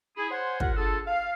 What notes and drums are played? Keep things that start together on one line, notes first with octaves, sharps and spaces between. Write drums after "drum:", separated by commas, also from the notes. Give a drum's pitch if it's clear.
E4 G#4
C5 C#5 F#5 G#5 C6
F4 G4 A#4 F#5, drum: kick
D4 F4 G#4 A4
F5